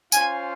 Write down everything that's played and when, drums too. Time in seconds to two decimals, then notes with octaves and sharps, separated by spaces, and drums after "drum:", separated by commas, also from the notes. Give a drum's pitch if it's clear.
0.12 C#4 F4 C5 F5 G#5, drum: tambourine